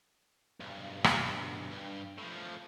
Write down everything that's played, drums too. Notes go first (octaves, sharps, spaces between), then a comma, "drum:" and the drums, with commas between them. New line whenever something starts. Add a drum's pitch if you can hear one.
B1 G2
drum: rim click
G2
A2 F3